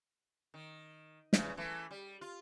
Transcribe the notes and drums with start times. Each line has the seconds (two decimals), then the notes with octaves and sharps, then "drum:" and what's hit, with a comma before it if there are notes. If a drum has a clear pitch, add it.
0.54 D#3
1.33 E2 C#3, drum: snare
1.57 E3 A3
1.91 G3
2.21 F4